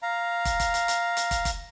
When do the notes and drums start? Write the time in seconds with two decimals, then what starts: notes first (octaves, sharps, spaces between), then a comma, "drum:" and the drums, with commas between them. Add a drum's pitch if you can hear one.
0.03 F5 A#5
0.45 drum: kick, hi-hat
0.60 drum: kick, hi-hat
0.74 drum: hi-hat
0.88 drum: hi-hat
1.17 drum: hi-hat
1.31 drum: kick, hi-hat
1.45 drum: kick, hi-hat